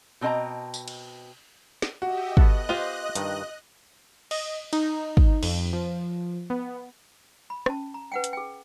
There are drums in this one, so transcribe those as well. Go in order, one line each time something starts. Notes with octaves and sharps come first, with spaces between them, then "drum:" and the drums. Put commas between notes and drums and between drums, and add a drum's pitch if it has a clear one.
B2 C4 D4 D#5 A5 A#5
drum: tambourine
drum: cymbal
drum: snare
F#4 G4 D#5 E5
B3 A4 D#5 F#5 F#6, drum: kick
F4 G4 C5 D#7
G2 D#3, drum: hi-hat
D#5, drum: cymbal
D#4, drum: cymbal
drum: kick
F2, drum: cymbal
F3
B3
B5
C#4 A5, drum: rim click
A#5
B4 F#5 G5
drum: hi-hat
G#4 G5